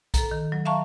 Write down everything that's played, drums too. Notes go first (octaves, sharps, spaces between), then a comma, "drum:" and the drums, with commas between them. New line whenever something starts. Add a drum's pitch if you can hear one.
A4 A#5, drum: kick B1, hi-hat
D#3
F#3
E5 F5 A5 A#5 C#6